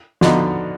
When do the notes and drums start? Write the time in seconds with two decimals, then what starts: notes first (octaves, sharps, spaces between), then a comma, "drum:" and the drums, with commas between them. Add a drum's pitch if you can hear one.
0.21 D3 F3 B3 D#4 F#4, drum: snare